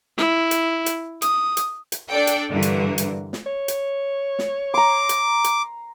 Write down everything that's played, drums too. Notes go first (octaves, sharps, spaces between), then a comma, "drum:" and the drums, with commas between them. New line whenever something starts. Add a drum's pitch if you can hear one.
E4, drum: snare
drum: hi-hat
drum: hi-hat
D#6, drum: hi-hat
drum: hi-hat
drum: hi-hat
D4 A4 D5 G5
drum: hi-hat
G2 D3 E3 A#4
drum: hi-hat
drum: hi-hat
drum: snare
C#5
drum: hi-hat
drum: snare
A#5 C6 D6
drum: hi-hat
drum: hi-hat